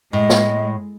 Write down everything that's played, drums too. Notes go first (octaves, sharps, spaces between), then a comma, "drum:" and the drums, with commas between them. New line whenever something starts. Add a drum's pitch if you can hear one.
A2 G#3 D#5
drum: snare